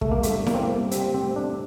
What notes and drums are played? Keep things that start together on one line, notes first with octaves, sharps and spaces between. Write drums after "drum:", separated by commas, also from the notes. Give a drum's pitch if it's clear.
G3 A3, drum: kick
A#3
A3, drum: hi-hat
D4
A#3, drum: snare E4
C4
G3 A#3
C4 G4, drum: hi-hat
C4
A3
D4